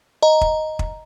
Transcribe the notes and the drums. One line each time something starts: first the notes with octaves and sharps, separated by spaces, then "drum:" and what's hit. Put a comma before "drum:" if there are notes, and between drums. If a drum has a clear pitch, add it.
D#5 A#5
drum: kick
drum: kick